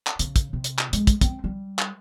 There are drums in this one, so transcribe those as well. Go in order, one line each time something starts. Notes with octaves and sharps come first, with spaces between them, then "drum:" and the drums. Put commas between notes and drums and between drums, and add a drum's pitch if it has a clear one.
drum: clap
C#3, drum: hi-hat
drum: kick, hi-hat
C3
drum: hi-hat
drum: clap
G#3, drum: hi-hat
drum: kick, hi-hat
C4, drum: kick, hi-hat
G3
drum: clap